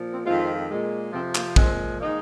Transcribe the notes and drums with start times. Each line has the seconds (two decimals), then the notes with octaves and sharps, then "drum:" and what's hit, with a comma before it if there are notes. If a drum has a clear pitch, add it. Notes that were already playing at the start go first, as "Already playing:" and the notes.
Already playing: A#2 F3
0.12 C4
0.26 F2 D#3 G#3 C4 F4
0.69 A#2 G#3
1.13 F2 C3 F3 C4
1.35 A#3, drum: clap
1.56 A#2 F3 G#3 C4, drum: kick
2.00 D#3 G#3 A#3 D#4